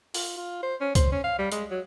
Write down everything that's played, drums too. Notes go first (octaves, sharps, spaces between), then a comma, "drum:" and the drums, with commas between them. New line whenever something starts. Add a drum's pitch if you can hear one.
F4, drum: open hi-hat
F4
C5
C#4
C5, drum: kick C#2, hi-hat
C#4
F5
G3
G#3, drum: hi-hat
F#3